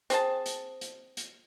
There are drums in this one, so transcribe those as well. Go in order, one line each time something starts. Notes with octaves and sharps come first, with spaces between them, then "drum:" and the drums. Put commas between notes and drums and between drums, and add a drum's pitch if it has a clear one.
C4 G#4 A5, drum: hi-hat
drum: hi-hat
drum: hi-hat
drum: hi-hat